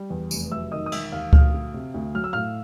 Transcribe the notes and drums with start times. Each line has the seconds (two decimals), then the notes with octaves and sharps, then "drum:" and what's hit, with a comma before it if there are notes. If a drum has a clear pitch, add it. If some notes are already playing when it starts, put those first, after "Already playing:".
Already playing: G3
0.10 E2
0.31 F1, drum: tambourine
0.51 F#3 E5 E6
0.71 D#3 D#5 D#6
0.86 D#6
0.92 E1 E5 E6, drum: cymbal
1.12 D#2 F5 F6
1.33 D2 F5 F6, drum: kick C#2
1.54 D2
1.74 C3
1.94 D2
2.14 F#3 F6
2.24 E6
2.33 A2 F5 F6